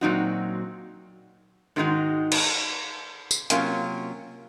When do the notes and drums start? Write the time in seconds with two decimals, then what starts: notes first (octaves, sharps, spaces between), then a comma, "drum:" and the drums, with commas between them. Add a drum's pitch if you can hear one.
0.01 A#2 F#3 C4 D#4 F#4
1.76 G#2 D#3 G#3 D#4 F#4
2.32 drum: cymbal
3.31 drum: tambourine
3.50 C3 F#3 A#3 C#4 F4, drum: hi-hat